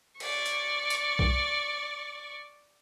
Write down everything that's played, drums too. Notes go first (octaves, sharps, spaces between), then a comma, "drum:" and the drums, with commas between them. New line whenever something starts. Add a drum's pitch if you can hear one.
D5 C#6, drum: cymbal
drum: hi-hat
drum: hi-hat
drum: kick B1